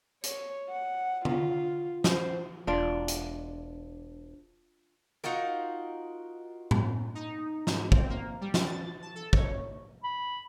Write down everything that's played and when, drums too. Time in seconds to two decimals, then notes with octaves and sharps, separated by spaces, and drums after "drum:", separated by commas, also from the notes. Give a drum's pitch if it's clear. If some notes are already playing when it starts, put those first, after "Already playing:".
0.23 C#5, drum: hi-hat
0.69 F#5
1.25 F4, drum: tom D3
2.04 C5, drum: snare
2.67 E1 D4 F4 D5
3.08 drum: hi-hat
5.24 D#4 F4 F#4 A#4
6.71 drum: tom A2
7.15 D#4
7.67 G#2, drum: snare
7.92 C4, drum: kick
8.10 A#3
8.41 G3
8.54 drum: snare
8.66 A6
9.02 A5
9.15 A4
9.33 C#5, drum: kick
10.04 B5